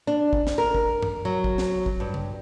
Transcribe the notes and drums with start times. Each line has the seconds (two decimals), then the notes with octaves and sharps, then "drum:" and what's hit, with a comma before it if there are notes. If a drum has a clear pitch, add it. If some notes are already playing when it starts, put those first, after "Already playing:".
0.07 D4
0.33 drum: kick
0.47 drum: snare
0.58 A#4
0.75 drum: kick
1.02 drum: tom F#2
1.25 F#3
1.44 drum: kick
1.58 drum: snare
1.86 drum: kick
2.00 G2
2.14 drum: tom C#3